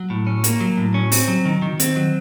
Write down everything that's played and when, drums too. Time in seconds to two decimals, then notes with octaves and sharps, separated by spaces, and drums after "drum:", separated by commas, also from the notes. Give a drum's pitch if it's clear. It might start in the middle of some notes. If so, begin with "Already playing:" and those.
Already playing: F#3
0.10 A2
0.27 C#4
0.44 A#3, drum: hi-hat
0.61 F#3
0.78 A2
0.94 C#4
1.12 C4, drum: open hi-hat
1.28 F#3
1.45 D#3
1.62 D#3
1.80 C4, drum: hi-hat
1.96 F#3